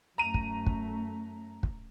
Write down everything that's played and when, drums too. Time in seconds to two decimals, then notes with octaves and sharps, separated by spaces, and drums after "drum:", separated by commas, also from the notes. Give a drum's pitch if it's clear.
0.18 F#2 A3 A#5 D#7 F7
0.34 drum: kick
0.66 drum: kick
1.63 drum: kick